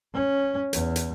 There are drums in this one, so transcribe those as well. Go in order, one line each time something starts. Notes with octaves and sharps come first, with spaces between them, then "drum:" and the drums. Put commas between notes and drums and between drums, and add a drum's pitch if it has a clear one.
C#4
E2, drum: hi-hat
drum: hi-hat